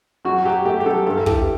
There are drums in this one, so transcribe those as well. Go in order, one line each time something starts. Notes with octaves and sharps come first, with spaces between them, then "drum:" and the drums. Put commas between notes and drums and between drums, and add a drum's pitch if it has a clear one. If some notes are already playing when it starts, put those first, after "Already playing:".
F#2 F#4
F#3 G4
A3 G4
G4
F#2 A4
G2 A4
A4
E3 G4, drum: kick